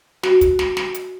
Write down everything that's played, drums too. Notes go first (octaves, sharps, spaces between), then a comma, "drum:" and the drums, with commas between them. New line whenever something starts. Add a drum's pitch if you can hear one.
F#4, drum: snare
drum: kick, hi-hat
drum: snare
drum: snare
drum: hi-hat